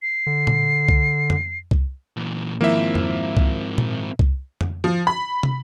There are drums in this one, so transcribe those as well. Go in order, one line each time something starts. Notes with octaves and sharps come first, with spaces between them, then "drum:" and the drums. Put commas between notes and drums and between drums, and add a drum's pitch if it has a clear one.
C7
D3
drum: tom A#2
drum: kick C2
drum: tom F2
drum: kick C2
A#2 E3
G#2 D#3 F3 A#3 C4 E4 E5
drum: tom F2
drum: kick C2
drum: tom A#2
drum: kick C2
drum: tom F2
F3
B5
drum: tom